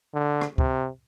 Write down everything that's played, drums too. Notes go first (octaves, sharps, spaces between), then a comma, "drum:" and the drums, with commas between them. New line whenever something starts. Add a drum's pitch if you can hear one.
D3
drum: rim click
C3, drum: kick C#2